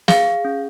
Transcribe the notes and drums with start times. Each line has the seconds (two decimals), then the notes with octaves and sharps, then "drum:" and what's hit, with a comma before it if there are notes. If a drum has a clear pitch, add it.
0.08 G#4 F5, drum: snare
0.45 C#4